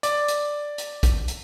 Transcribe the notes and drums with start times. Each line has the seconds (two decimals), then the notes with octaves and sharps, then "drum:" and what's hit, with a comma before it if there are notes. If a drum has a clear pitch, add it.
0.03 D5, drum: hi-hat
0.28 drum: hi-hat
0.78 drum: hi-hat
1.03 drum: kick, hi-hat
1.28 drum: hi-hat